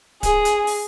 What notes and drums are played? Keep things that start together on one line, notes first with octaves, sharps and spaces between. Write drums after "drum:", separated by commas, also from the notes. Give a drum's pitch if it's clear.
G#4, drum: kick D1, hi-hat
drum: hi-hat
drum: open hi-hat